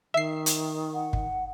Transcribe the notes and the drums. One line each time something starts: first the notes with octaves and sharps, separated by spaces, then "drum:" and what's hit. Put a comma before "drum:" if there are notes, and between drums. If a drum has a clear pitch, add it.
D#3 E5 C7
drum: hi-hat
F#5
drum: kick